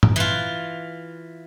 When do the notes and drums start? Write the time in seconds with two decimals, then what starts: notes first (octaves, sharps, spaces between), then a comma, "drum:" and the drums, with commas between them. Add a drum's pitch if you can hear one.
0.03 drum: tom
0.16 E3 F4